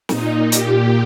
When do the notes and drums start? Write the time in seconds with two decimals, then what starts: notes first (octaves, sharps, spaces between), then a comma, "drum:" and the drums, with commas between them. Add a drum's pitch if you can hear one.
0.09 A#2 D#4, drum: snare
0.52 A#2 G4, drum: hi-hat